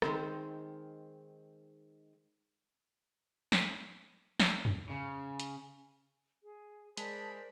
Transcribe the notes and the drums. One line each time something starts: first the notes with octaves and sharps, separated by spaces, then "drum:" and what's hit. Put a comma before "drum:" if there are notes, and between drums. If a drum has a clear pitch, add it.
D#3 G#3 C4, drum: rim click
drum: snare
drum: snare
drum: tom
C#3
drum: hi-hat
G#4
G#3 A#4 C5 D5 A5 B5, drum: hi-hat